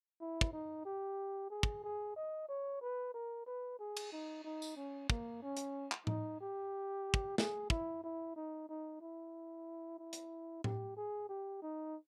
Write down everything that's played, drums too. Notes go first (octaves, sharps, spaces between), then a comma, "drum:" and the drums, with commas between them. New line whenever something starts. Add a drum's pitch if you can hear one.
E4
drum: kick
D#4
G4
G#4
drum: kick
G#4
D#5
C#5
B4
A#4
B4
G#4
drum: cymbal
D#4
D#4
drum: tambourine
C#4
A#3, drum: kick
C#4
drum: hi-hat
drum: clap
D#4, drum: tom A2
G4
drum: kick
G#4, drum: snare
E4, drum: kick
E4
D#4
D#4
E4
E4
drum: hi-hat
G4, drum: tom A2
G#4
G4
D#4